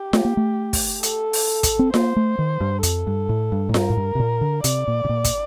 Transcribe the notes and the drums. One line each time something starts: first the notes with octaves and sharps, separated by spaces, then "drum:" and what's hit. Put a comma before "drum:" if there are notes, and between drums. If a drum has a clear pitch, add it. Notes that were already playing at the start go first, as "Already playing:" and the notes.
Already playing: G4
A3, drum: snare F4
A#3
A3
drum: kick, open hi-hat
A4, drum: hi-hat
drum: open hi-hat
drum: kick, hi-hat
C4
A#3 C5, drum: snare F4
A3
D#3
G2
F2 A4, drum: hi-hat
G2
A2
G2
A2
G2 A#4, drum: snare F4
A2
G2
C3
A#2
D3
C3 D5, drum: hi-hat
A#2
C3
A#2
drum: kick, hi-hat